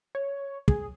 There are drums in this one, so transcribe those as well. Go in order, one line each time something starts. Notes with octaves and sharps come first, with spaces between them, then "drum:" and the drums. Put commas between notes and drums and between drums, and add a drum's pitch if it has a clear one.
C#5
G#4, drum: kick